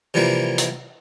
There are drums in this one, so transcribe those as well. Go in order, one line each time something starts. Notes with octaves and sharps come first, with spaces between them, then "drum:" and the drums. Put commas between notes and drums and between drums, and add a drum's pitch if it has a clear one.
C3 E3 F3 G3 A#3 E4
drum: hi-hat